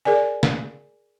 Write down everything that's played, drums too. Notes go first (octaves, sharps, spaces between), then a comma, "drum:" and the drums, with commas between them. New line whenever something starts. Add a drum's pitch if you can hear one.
G#4 A#4 D5 G#5
drum: snare